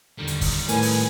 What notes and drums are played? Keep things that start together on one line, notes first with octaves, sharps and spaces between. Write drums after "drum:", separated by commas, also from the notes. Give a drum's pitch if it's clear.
E2 D3 D#3 G3
drum: hi-hat
drum: kick, open hi-hat
A2 A#4 B4 C#5 G#5, drum: hi-hat
drum: open hi-hat